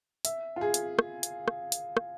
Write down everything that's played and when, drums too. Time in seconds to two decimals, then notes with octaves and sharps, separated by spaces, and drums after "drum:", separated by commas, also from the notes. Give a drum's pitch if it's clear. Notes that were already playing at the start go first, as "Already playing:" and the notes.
0.25 E5, drum: hi-hat
0.56 F4
0.61 G#4
0.74 drum: hi-hat
0.99 drum: rim click
1.23 drum: hi-hat
1.48 drum: rim click
1.72 drum: hi-hat
1.97 drum: rim click